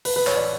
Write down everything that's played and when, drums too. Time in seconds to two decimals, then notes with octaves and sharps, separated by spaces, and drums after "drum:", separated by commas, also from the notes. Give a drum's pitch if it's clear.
0.05 B4, drum: open hi-hat
0.16 B4
0.27 C#5, drum: clap
0.36 D5